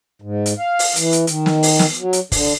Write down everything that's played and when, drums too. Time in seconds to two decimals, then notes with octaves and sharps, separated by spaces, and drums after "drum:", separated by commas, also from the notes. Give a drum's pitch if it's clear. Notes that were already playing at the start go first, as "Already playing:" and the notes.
0.22 G#2
0.46 drum: hi-hat
0.58 F5
0.79 drum: open hi-hat
0.96 E3, drum: hi-hat
1.12 drum: hi-hat
1.27 D#3, drum: hi-hat
1.46 drum: snare
1.63 drum: open hi-hat
1.79 drum: snare
1.99 F#3
2.13 drum: hi-hat
2.32 D3, drum: kick, open hi-hat